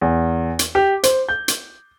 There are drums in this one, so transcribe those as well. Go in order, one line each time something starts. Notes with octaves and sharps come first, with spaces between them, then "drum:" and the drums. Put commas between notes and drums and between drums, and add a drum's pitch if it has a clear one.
E2
drum: hi-hat
G4
C5, drum: hi-hat
G6
drum: hi-hat